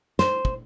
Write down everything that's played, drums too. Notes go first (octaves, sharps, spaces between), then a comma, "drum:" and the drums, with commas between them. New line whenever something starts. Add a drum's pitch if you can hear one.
C5, drum: snare
drum: kick